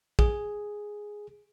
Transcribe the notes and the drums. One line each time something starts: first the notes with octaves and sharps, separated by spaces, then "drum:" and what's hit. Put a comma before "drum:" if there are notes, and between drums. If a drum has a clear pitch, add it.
G#4, drum: kick